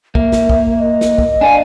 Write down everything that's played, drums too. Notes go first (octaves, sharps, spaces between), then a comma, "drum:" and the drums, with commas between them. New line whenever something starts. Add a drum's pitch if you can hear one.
A#3 E5, drum: kick
drum: snare
drum: kick
D#5
drum: snare
drum: kick
D4 D5 F5 G#5